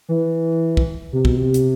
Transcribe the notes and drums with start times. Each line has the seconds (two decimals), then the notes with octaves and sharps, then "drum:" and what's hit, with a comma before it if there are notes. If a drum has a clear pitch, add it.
0.09 E3
0.77 drum: kick
1.13 C3
1.25 B2, drum: kick
1.36 C3
1.54 drum: hi-hat